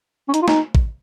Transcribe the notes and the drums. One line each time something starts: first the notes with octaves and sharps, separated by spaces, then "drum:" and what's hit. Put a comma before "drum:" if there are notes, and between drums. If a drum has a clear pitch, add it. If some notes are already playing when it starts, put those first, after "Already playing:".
C#4
D#4, drum: hi-hat
F4
D#4, drum: snare
drum: kick A1